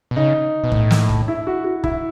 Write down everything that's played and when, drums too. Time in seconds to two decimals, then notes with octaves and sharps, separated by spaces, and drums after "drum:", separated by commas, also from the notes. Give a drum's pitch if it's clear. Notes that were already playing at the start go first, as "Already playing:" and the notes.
0.11 B2
0.16 C#3 D#4
0.64 B2
0.72 A2, drum: kick
0.91 drum: snare
1.09 drum: kick
1.28 E4
1.47 F#4
1.64 F#4
1.84 E4, drum: kick